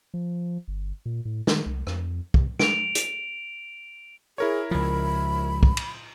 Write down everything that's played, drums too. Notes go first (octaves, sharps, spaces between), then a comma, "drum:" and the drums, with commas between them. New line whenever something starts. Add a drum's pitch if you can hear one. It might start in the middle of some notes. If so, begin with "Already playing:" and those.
F3
G1
A#2
A2
D#3, drum: snare
C2
F2, drum: rim click
C3, drum: kick
D7 F7, drum: snare
drum: hi-hat
E4 G#4 A#4 C#5
C#2 F3 B5
drum: kick
drum: cymbal